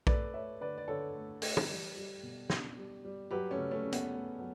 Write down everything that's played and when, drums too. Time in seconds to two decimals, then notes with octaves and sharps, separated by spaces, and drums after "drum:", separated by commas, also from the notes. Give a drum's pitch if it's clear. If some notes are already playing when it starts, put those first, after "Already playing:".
0.07 A3 B4 D5, drum: kick A#1
0.34 A3 C#5 E5
0.61 D3 B4 D5
0.78 D5
0.88 D3 A4 C#5
1.15 A3
1.42 A3, drum: open hi-hat
1.57 drum: tom
1.69 G3
1.97 G3
2.23 B2
2.50 B2, drum: snare
2.77 G3
3.05 G3
3.31 F#3 G4 B4
3.51 A3 C#4
3.58 C#3
3.71 A3 C#4
3.86 C#3
3.92 B3, drum: hi-hat
4.12 A3
4.39 F#3